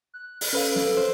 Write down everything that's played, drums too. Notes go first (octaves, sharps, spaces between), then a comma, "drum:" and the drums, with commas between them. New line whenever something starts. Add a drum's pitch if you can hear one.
F#6
drum: open hi-hat
C#4 A4 B4 F5
drum: snare
C5